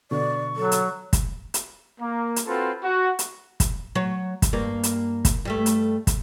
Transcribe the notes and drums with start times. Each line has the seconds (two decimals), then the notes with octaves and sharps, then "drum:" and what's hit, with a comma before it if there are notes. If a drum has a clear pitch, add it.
0.11 B2 D3 D5 C#6
0.56 F#3 A4
0.72 drum: hi-hat
1.13 drum: kick, hi-hat
1.54 drum: hi-hat
2.01 A#3
2.36 drum: hi-hat
2.47 C4 F4 F#4 A4 B4
2.84 F#4
3.19 drum: hi-hat
3.60 drum: kick, hi-hat
3.95 F#3 C#5
4.42 drum: kick, hi-hat
4.53 G2 A#3
4.83 drum: hi-hat
5.25 drum: kick, hi-hat
5.45 G2 G3 A3
5.66 drum: hi-hat
6.07 drum: kick, hi-hat